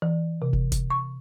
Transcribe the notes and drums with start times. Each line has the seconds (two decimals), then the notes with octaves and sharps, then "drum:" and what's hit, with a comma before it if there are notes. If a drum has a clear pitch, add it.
0.02 E3
0.42 C3
0.53 drum: kick
0.72 drum: kick, hi-hat
0.90 C#6